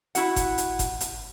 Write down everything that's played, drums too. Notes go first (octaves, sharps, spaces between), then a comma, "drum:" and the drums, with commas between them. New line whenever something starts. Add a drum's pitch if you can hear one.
E4 F#4 F#5, drum: hi-hat
drum: kick F#1, hi-hat
drum: hi-hat
drum: kick F#1, hi-hat
drum: hi-hat